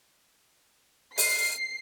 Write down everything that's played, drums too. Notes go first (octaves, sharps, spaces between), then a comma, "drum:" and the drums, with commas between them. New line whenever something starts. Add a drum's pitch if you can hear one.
C7, drum: open hi-hat